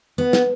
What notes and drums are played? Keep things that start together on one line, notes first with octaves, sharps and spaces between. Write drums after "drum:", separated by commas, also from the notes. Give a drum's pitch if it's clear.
B3
drum: snare